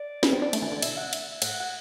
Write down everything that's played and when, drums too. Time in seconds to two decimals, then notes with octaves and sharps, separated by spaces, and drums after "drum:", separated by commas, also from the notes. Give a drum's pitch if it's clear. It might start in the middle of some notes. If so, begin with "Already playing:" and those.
Already playing: D5
0.23 B3, drum: snare
0.33 C4
0.42 D4
0.53 A3, drum: cymbal
0.62 E3
0.72 D3
0.82 B2 E5, drum: cymbal
0.97 F#5
1.13 E5, drum: cymbal
1.42 A2 F#5, drum: cymbal
1.60 F#5